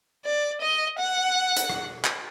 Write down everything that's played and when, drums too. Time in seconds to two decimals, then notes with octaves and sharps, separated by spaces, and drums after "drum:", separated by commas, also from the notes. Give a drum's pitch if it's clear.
0.25 D5
0.61 D#5
0.99 F#5
1.57 drum: hi-hat
1.70 drum: rim click
2.04 drum: clap